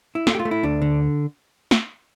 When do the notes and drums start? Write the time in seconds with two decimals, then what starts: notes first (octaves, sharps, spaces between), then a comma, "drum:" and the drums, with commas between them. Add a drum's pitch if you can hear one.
0.15 E4
0.27 A3 F4, drum: snare
0.35 G4
0.40 F4
0.45 A3
0.51 E4
0.63 D2 D4
0.82 D3
1.71 drum: snare